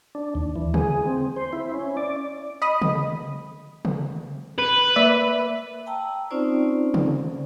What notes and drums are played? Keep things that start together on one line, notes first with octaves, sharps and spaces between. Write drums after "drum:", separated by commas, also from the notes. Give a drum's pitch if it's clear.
D4
D#2
E3
G#4, drum: tom C#3
C4
C5
E4
C#4
D5
D#5 B5 D#6
drum: tom C#3
drum: tom C#3
B4
A#3 D5 E5
G5 A5 A#5 E6
C4 C#4 D#4 F4 C5 D5
drum: tom C#3